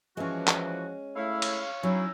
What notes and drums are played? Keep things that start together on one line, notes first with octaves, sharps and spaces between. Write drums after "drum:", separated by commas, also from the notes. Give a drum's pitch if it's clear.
E3 F3 G#3 C#4 F#4
drum: clap
A3 E4 C#5 F5
drum: cymbal
F#3 C#4 D#4 E4